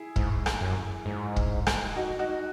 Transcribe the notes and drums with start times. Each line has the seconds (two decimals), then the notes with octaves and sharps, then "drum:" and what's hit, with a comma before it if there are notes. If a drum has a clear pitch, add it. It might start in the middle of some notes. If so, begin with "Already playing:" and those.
Already playing: E4 G#4
0.16 G#2, drum: kick
0.46 drum: rim click
0.61 F#2
1.06 G#2
1.36 drum: kick
1.67 drum: rim click
1.96 D#4 F#4
2.19 D#4 F#4